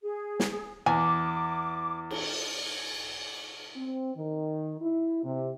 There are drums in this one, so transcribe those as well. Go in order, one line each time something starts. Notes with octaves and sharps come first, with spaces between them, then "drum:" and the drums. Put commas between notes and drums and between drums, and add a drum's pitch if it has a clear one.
G#4
drum: snare
E2 G#5 D6
drum: cymbal
C4
D#3
E4
C3